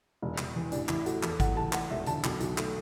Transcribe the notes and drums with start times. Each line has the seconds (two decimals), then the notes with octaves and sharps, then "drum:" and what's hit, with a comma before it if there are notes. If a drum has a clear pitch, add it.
0.22 E1
0.38 E1, drum: clap
0.56 E3
0.72 A1 D4, drum: hi-hat
0.89 A1 E4, drum: clap
1.06 A3 F#4, drum: hi-hat
1.23 E2 A4, drum: clap
1.40 E2 F#5, drum: kick G#1, hi-hat
1.56 A3 A5
1.73 A3 F#5, drum: clap
1.91 E1 E5
2.06 D3 A5, drum: hi-hat
2.24 B1, drum: clap
2.40 B1, drum: hi-hat
2.58 A3, drum: clap